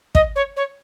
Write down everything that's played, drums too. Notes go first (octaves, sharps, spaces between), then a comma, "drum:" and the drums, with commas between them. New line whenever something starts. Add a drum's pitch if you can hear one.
D#5, drum: kick
C#5
C#5